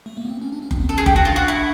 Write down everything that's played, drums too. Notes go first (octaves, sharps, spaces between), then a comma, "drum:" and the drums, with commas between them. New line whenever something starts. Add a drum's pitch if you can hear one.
A3
A#3
B3
C4
C#4
D4
C#4
C4, drum: kick F#1
B3
C#4 A4
G#4
G4, drum: kick F#1
F#4
D4 F4
F#4
E4